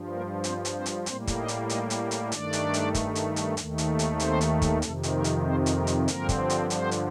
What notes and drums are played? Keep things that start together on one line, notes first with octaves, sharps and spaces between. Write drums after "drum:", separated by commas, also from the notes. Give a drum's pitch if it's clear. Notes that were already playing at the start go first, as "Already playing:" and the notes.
Already playing: G2 F3
A#3 A#4
C4 C5, drum: hi-hat
drum: hi-hat
C4 C5
drum: hi-hat
A2 G3 A#3 C4 C5, drum: hi-hat
drum: kick, hi-hat
D#4 D#5
drum: hi-hat
D#4 D#5, drum: hi-hat
drum: hi-hat
drum: hi-hat
G2 D#3 A3 D4 D5, drum: hi-hat
drum: hi-hat
drum: hi-hat
drum: kick, hi-hat
drum: hi-hat
drum: hi-hat
D#2 D#3 A3, drum: hi-hat
drum: hi-hat
drum: hi-hat
C4 C5, drum: hi-hat
drum: hi-hat
drum: kick, hi-hat
F2 C3 D#3 A3 A4, drum: hi-hat
drum: hi-hat
A#3 A#4
drum: hi-hat
C4 C5
drum: hi-hat
A#3 A#4
drum: hi-hat
G2 D3 F3 A#3 C4 A#4, drum: hi-hat
drum: kick, hi-hat
drum: hi-hat
C4 C5, drum: hi-hat
drum: hi-hat